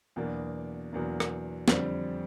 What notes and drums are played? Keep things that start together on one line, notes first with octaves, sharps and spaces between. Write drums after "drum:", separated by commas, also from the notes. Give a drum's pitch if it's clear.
E2 B2 F#3 A#3 D4
E2 B2 F#3 A#3 D4
drum: rim click
F2 D3 G3 C4, drum: snare